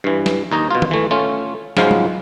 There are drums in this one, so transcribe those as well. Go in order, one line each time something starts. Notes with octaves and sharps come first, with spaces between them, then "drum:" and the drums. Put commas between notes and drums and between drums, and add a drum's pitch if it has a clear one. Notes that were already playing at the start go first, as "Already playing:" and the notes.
G2 E3
drum: snare
D#2 D#4 D#5
B2 F4
drum: tom D#3
E3 A3
A3 C#4 F4
C#2 G#2 F3 F#3 G#3 F5, drum: snare
drum: tom F#3